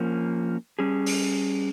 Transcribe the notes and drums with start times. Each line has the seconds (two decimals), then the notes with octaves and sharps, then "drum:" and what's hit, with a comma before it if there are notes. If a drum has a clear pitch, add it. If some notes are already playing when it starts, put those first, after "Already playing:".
Already playing: F3 A#3 C#4
0.79 G3 C#4 G#4
1.06 drum: open hi-hat